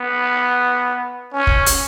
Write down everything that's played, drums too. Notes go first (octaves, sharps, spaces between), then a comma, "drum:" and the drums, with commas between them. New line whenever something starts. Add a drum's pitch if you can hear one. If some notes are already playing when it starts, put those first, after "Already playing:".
Already playing: B3
C#4
drum: kick
drum: hi-hat